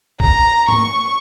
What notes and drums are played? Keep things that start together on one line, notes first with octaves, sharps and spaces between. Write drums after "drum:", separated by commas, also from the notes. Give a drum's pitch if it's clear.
A#5, drum: kick
C#6, drum: tom